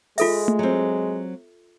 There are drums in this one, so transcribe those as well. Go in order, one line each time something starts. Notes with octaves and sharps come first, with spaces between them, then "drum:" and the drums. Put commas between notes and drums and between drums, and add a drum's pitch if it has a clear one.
G#3 F4 A4 E5, drum: open hi-hat
drum: tom A3
F#3 C4